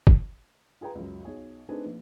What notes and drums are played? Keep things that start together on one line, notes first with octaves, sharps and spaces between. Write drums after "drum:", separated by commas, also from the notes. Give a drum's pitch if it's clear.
drum: kick
F4 G#4 B4 G5 A#5
C#2 F#2
B1 G#4 C#5
A3 C4 D4 D#4 G#4 B4
A#1